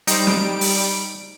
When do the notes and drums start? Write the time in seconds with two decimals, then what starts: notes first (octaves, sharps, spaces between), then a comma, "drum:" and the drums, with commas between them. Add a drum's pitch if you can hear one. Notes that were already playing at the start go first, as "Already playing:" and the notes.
0.07 G3 D#4 C5 D7, drum: hi-hat
0.27 drum: snare
0.61 drum: open hi-hat